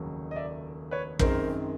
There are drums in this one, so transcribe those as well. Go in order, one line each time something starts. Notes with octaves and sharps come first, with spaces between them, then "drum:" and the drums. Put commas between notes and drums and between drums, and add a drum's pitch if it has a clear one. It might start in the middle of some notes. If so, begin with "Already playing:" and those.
Already playing: F1 D#2 C#3 F#3
D#5
D5 E5
B4 C#5
F#2 D#3 G#3 C4 A#4 C5, drum: kick